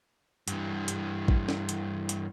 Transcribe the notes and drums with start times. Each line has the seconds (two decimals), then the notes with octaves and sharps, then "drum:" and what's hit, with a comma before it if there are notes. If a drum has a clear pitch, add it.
0.48 G2 E3, drum: hi-hat
0.88 drum: hi-hat
1.28 drum: kick
1.48 drum: snare
1.69 drum: hi-hat
2.09 drum: hi-hat